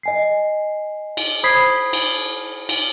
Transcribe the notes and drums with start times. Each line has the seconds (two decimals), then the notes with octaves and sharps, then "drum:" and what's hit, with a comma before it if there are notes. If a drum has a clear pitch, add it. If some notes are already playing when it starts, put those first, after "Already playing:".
0.03 D#5 G#5 C7
1.17 drum: cymbal
1.43 C5 B5 D#6 G#6 B6 C7
1.93 drum: cymbal
2.69 drum: cymbal